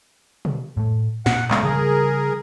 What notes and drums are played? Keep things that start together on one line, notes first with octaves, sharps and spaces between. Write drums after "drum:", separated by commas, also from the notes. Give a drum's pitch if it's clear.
drum: tom B2
A2 A3
A#2 F#5, drum: snare
C#3 G#3 A3 B3, drum: clap
C#3 F3 G3 G#4 A#4